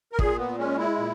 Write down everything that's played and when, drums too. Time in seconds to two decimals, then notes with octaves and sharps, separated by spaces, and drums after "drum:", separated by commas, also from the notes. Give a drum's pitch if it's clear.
0.12 A#4
0.19 A#2 G#4, drum: kick
0.38 B3
0.59 G#3 C#4
0.78 E4
0.98 A#2